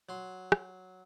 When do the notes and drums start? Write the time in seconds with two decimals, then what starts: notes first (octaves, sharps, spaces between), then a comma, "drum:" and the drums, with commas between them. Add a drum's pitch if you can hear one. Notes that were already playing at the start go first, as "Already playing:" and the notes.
0.09 F#3 C6
0.52 drum: rim click